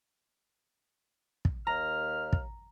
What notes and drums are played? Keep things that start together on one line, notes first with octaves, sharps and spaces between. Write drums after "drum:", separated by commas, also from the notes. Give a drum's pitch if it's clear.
drum: kick
D#2 A#5 F6
drum: kick